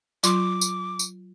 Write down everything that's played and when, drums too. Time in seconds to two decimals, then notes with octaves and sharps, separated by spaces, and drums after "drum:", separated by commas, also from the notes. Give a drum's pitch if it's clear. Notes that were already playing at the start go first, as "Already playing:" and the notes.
0.24 F#3 F4 C6 D6, drum: tambourine
0.61 drum: tambourine
0.99 drum: tambourine